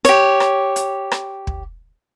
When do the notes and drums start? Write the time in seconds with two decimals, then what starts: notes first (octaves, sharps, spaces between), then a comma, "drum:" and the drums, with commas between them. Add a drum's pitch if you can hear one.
0.05 G4 C#5, drum: hi-hat
0.40 drum: rim click
0.76 drum: hi-hat
1.12 drum: rim click
1.47 drum: kick